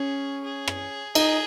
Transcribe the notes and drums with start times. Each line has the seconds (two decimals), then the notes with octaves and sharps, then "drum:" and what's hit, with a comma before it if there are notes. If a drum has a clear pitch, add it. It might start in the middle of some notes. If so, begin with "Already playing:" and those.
Already playing: C#4 G#4
0.44 G#4
0.68 drum: rim click
1.15 D#4 G#4, drum: cymbal